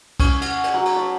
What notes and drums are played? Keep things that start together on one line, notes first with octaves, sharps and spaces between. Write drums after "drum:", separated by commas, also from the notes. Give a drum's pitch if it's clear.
C#4, drum: kick B1, cymbal
F#5, drum: cymbal
drum: cymbal
F#3
drum: cymbal
A5